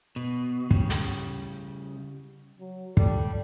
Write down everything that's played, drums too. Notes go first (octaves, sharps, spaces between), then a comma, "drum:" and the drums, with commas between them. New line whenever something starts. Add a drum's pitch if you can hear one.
B2
C#3 G3, drum: kick
drum: hi-hat
F#3
G3 A4, drum: kick